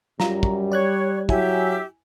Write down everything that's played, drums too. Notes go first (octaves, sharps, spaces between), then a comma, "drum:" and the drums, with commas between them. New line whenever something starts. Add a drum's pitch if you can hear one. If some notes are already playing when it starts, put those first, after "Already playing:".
F#2 G3 F4 A#5, drum: snare
drum: kick
C#5 D5 F#6 G#6
F#3 E4 G4 E5 G#5, drum: kick